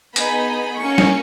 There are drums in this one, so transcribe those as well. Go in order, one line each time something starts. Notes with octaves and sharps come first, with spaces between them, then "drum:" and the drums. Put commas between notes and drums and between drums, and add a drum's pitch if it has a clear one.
B3 D#4 G#4 B5, drum: hi-hat
A#3 C#4 F#4 C#6
drum: snare